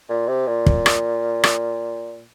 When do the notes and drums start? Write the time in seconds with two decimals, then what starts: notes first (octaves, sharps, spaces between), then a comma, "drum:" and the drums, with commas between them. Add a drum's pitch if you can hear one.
0.09 A#2
0.27 C3
0.47 A#2
0.66 drum: kick
0.86 drum: rim click
1.43 drum: rim click